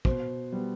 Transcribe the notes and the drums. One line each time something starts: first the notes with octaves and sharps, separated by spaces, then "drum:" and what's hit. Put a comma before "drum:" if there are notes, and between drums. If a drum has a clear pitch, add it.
B2 C5, drum: kick
G3 B3